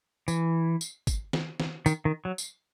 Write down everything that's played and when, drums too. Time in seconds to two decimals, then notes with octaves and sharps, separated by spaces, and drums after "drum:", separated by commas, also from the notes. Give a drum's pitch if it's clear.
0.28 E3, drum: tambourine
0.81 drum: tambourine
1.07 drum: kick, tambourine
1.33 drum: snare
1.60 drum: snare
1.86 D#3, drum: tambourine
2.05 D#3
2.25 F#3
2.38 drum: tambourine